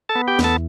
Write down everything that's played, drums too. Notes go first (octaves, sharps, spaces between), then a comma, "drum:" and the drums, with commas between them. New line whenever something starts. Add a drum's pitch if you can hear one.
A4 A5
B3
G4 G5
E2, drum: snare
A4 A5